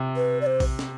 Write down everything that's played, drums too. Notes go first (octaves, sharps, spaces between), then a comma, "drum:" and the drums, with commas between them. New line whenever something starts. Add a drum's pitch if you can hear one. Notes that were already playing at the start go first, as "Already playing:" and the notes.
Already playing: C3
B4
D5
C5
drum: kick, open hi-hat
drum: snare